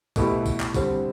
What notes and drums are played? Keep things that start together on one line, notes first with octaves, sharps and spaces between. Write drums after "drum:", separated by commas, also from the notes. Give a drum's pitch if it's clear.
B2 A3 E4 G4 B4, drum: kick, tambourine
drum: kick, tambourine
drum: clap
D3 G3 C4, drum: kick, tambourine